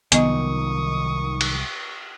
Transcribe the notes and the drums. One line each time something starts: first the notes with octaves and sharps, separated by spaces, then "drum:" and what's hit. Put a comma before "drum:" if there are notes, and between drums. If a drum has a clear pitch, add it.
C2 D#3 F3 F#3 B3 D#5 C#6 D#6, drum: hi-hat
drum: cymbal